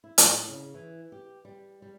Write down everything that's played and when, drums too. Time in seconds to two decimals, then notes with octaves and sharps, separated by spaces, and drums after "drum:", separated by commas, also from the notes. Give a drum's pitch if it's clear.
0.04 E4
0.18 A2, drum: hi-hat
0.48 C#3
0.74 E3
1.12 G4
1.45 G3
1.82 G3